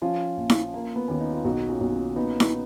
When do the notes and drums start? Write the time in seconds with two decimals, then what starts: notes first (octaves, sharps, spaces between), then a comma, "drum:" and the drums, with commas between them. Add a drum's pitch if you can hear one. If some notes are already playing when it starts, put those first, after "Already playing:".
0.02 F3 C#4 F4
0.37 A#1
0.50 drum: snare E4
0.74 A#3
0.96 B3
1.08 D#2 C#4
1.20 D#4
1.33 F4
1.44 B1 D#4 F#4
1.69 C#4 F4
1.80 B1 F#4
1.92 C#4 F4
2.16 A#2 B3 D#4
2.40 drum: snare E4